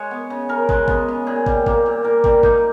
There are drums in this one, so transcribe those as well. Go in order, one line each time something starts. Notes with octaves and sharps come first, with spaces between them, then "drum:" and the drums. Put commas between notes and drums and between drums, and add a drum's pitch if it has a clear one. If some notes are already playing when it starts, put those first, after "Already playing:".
Already playing: G#3 C#5
B3
C#3
C#3 A#4
G#3, drum: kick
B3, drum: kick
C#3
A#2 G#4
G3, drum: kick
A#3, drum: kick
A#2
A#2 A#4
G3, drum: kick
A#3 D#4, drum: kick